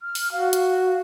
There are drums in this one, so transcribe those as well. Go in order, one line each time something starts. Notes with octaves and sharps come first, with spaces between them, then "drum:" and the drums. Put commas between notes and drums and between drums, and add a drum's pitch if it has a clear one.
F6
drum: open hi-hat
F#4 F5
F5, drum: hi-hat
F5